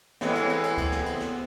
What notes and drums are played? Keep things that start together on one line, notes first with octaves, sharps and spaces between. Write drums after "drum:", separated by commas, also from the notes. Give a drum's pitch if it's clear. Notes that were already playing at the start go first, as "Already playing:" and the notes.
A2 E3 G#3 B3 C4, drum: snare
drum: cymbal
drum: cymbal
drum: cymbal
drum: kick, cymbal
drum: snare
drum: cymbal
drum: snare